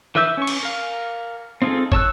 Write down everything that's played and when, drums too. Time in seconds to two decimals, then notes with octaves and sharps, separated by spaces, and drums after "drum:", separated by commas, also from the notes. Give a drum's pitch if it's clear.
0.15 E3 B4 E5 E6 G6
0.37 C#4 C#6
0.47 drum: cymbal
0.63 A#4 F5
1.62 C4 D#4 F4 G#4 A4
1.92 C#5 A5 E6 F#6, drum: kick